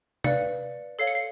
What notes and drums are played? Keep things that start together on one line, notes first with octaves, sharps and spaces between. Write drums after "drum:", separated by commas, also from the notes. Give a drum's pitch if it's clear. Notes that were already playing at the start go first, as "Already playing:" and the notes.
B4 D5 F5 C#7, drum: tom
A4 C#5 F5 C7
C#7
C7